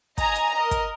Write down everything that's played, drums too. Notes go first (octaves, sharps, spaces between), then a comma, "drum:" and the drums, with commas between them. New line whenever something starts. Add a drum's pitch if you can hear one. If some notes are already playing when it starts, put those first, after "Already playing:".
D#5 G#5 A#5, drum: kick, hi-hat
drum: hi-hat
A#4 D#5
drum: kick, hi-hat